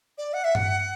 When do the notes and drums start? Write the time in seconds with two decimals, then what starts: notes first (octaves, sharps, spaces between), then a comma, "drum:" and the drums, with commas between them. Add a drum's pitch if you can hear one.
0.18 D5
0.33 F#5
0.44 E5
0.55 F#5, drum: tom G2